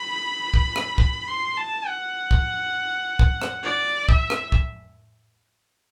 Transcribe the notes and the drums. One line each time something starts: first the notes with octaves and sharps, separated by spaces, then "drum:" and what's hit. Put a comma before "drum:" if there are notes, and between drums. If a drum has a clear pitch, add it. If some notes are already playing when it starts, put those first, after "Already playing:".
Already playing: B5
drum: kick
drum: rim click
B5, drum: kick
C6
A5
F#5
drum: kick
drum: kick
drum: rim click
D5
E5, drum: kick
drum: rim click
drum: kick